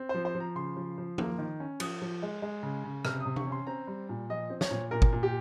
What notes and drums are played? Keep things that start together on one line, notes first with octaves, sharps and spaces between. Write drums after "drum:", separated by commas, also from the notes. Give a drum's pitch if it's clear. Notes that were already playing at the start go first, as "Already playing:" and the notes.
Already playing: C4
F3 C5
C5
F3
A#5
C#3 C6
F3
F3
A#3, drum: tom F3
D#3
C#4
F3 D#6, drum: cymbal
F3
G#3
G#3
C#3
C#3
C3 F6, drum: rim click
C3 D#6
C#6, drum: tom
C#4 C6
C4 A#5
G3
A#2
F3 D#5
C4
C#5, drum: snare
A#2
A#2 A#4
drum: kick
A#2
G4